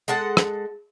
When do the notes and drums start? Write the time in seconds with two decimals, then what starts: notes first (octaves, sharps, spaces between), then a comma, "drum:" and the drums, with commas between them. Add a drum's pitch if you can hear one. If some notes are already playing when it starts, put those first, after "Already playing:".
0.08 G#3 A4 F#5 A5
0.37 drum: rim click